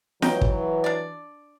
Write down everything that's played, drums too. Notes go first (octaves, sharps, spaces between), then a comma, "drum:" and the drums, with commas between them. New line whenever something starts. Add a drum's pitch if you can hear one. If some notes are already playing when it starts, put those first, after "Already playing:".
E3 F#3 D#4 G5, drum: snare
drum: kick
D4 D5